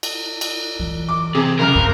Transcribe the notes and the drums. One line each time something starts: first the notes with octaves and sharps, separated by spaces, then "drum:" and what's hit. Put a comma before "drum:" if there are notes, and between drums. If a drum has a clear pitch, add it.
drum: cymbal
drum: cymbal
E3
D6
C3 G#4
F#1 C#3 A#4 F6
G2